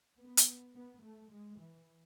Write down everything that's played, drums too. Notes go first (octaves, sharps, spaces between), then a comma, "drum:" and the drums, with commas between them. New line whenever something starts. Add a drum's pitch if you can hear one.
B3
drum: hi-hat
B3
A3
G#3
E3